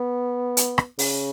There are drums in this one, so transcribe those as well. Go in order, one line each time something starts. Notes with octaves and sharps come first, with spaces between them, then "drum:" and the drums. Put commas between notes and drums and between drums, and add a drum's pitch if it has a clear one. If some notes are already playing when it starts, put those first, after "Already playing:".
Already playing: B3
drum: hi-hat
drum: rim click
C#3, drum: open hi-hat